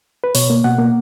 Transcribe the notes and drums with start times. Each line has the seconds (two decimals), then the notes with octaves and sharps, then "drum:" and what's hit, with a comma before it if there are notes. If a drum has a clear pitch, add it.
0.24 B4
0.35 B2 C#5, drum: open hi-hat
0.50 A#3
0.64 B2 F#5
0.78 A#3